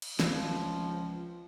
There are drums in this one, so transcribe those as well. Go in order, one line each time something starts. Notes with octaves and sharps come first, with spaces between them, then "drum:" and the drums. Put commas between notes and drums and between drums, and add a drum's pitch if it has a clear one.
drum: cymbal
C#2 F3, drum: snare